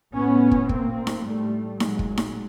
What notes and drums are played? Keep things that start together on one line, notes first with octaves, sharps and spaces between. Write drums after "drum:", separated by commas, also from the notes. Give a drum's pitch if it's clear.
A2 B3 C#4
drum: kick
A#2 A#3 C4, drum: kick
drum: snare D#4
A2 G3 A3
A#2 F#3 G#3, drum: snare D#4
drum: kick
drum: snare D#4